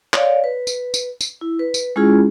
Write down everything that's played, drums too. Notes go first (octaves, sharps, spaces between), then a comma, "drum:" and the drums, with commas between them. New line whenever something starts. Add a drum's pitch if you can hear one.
C#5 D5 F5, drum: clap
B4
drum: tambourine
drum: tambourine
drum: tambourine
E4
B4
drum: tambourine
G#3 C#4 E4 F4 G#4